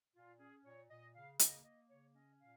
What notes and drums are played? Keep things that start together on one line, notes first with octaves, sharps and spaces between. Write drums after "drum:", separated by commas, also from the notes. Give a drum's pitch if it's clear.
A#2 F4
C#4 G#4
A#2 C#5
A#2 D#5
C#3 F5
A#3 D#5, drum: hi-hat
A#3 D#5
C#3 C#5
C#4 D#5
A#2 F5